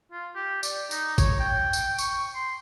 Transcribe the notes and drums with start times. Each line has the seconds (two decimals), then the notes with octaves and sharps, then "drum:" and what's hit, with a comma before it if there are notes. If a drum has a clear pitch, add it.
0.12 F4
0.35 G4
0.63 D5, drum: tambourine
0.91 D#4, drum: tambourine
1.18 C#5, drum: kick G#1, tambourine
1.40 G5
1.73 drum: tambourine
1.98 C#6, drum: tambourine
2.35 C6